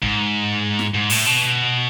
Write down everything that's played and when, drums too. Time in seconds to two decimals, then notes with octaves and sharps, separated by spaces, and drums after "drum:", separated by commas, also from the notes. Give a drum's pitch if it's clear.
0.02 G#2, drum: kick
0.79 drum: snare
0.94 G#2
1.10 A2, drum: open hi-hat
1.26 B2